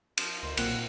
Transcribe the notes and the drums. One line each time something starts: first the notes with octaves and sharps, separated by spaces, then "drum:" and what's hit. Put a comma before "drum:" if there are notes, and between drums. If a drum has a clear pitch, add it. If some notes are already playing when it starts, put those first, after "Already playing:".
F3, drum: cymbal
D2 D#3 C5
B1 A#2 A#3 C4 F#5, drum: cymbal